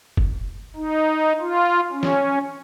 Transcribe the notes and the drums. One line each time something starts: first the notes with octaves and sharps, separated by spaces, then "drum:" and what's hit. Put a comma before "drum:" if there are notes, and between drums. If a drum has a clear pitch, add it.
drum: kick F1
D#4
F4
C#4
drum: snare